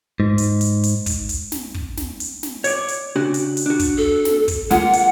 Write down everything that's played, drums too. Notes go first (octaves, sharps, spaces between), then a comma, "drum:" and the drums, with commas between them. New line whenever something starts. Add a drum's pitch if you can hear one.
G#2
drum: hi-hat
drum: hi-hat
drum: hi-hat
drum: kick, hi-hat
drum: hi-hat
drum: snare
drum: kick
drum: snare
drum: hi-hat
drum: snare
C#5 D5, drum: hi-hat
drum: hi-hat
C#3 D4 F#4
drum: hi-hat
drum: hi-hat
D4 F#4
drum: kick, hi-hat
A4
drum: snare
drum: kick, hi-hat
G#3 A#3 F4 F#5, drum: snare
drum: hi-hat